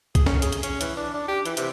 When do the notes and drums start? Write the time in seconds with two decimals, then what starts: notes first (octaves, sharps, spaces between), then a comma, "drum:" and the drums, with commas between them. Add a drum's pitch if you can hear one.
0.15 G#4, drum: kick, hi-hat
0.26 C#4, drum: snare
0.42 G#4, drum: hi-hat
0.52 drum: hi-hat
0.63 C#4, drum: hi-hat
0.81 E3, drum: hi-hat
0.97 D4
1.14 D4
1.28 G4
1.45 E3, drum: hi-hat
1.57 C3, drum: hi-hat